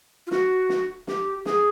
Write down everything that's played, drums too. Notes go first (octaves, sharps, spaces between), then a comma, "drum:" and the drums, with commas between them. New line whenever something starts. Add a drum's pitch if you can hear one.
F4
F#4, drum: snare
drum: snare
G4, drum: snare
G#4, drum: snare